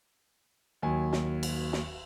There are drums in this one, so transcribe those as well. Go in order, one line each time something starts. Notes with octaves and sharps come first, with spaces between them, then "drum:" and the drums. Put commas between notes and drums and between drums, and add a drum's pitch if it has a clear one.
D#2 F#3 G#5
drum: snare
drum: cymbal
drum: snare